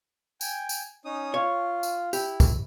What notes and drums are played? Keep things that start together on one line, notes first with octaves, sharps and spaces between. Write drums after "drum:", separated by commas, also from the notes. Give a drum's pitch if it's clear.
G5 G#5, drum: tambourine
drum: tambourine
C#4 D#4 D#6
F4 C#5
drum: tambourine
E4 G4, drum: tambourine
drum: kick, tambourine